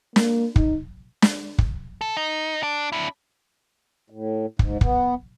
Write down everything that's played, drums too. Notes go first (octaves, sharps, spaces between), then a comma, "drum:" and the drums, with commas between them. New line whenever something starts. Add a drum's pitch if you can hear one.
A#3, drum: snare
D#4, drum: kick
drum: snare
drum: kick
A4
D#4
D4
D4 E4
A2
G#2, drum: kick
B3, drum: kick